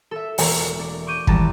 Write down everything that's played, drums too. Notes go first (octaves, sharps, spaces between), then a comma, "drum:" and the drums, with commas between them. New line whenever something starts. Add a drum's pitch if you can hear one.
A4 E5
E1 A#3 A#4 A#5 A6, drum: open hi-hat
D4
C#6 D6 G6 D#7
G#1 E3 G3 A5 A#5 A6, drum: kick